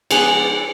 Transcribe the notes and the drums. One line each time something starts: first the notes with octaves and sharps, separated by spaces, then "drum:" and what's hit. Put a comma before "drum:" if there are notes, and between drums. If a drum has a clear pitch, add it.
F3 G#3 B3 D4 G#4, drum: cymbal